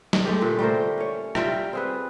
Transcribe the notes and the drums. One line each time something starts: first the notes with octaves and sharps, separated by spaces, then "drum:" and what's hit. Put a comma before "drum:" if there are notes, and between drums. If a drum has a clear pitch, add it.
drum: snare
G#3 A3 G4
A#2 D3
G3 A3 A#4 C5
C#4 C#5
G3 F4 E5 G5, drum: rim click
C4 G#4 B4